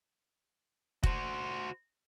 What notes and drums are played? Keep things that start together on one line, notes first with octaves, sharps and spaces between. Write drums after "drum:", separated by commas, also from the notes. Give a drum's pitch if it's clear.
F#4 C5, drum: kick